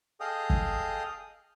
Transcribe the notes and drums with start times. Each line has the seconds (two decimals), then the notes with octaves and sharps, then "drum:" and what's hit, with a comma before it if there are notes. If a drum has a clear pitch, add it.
0.20 G#4 A4 D#5 F5 G5 D#6
0.50 drum: kick G1